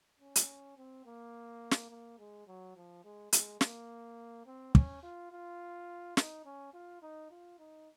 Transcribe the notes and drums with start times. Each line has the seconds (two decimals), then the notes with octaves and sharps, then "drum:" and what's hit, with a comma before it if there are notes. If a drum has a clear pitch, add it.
0.20 C#4
0.36 drum: hi-hat
0.77 C4
1.06 A#3
1.71 drum: snare
1.90 A#3
2.19 G#3
2.47 F#3
2.76 F3
3.04 G#3
3.33 G#3, drum: hi-hat
3.61 A#3, drum: snare
4.46 C4
4.75 C#4, drum: kick
5.03 F4
5.32 F4
6.17 D#4, drum: snare
6.46 C#4
6.74 F4
7.02 D#4
7.31 F4
7.59 D#4